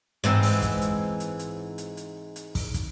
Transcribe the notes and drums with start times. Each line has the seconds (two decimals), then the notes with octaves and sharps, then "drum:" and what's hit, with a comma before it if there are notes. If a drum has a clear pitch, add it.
0.24 G#2 E3 C4, drum: hi-hat
0.43 drum: open hi-hat
0.62 drum: kick, hi-hat
0.82 drum: hi-hat
1.20 drum: hi-hat
1.39 drum: hi-hat
1.78 drum: hi-hat
1.97 drum: hi-hat
2.36 drum: hi-hat
2.55 drum: kick, open hi-hat
2.74 drum: kick, hi-hat